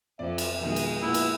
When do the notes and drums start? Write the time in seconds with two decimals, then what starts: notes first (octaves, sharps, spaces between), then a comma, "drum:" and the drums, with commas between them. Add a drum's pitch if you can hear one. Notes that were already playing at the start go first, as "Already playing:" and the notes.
0.19 F2 F3 D5 E5
0.38 drum: cymbal
0.63 B2 D#3 G#3
0.76 drum: cymbal
1.02 A#2 B3 E4
1.14 drum: cymbal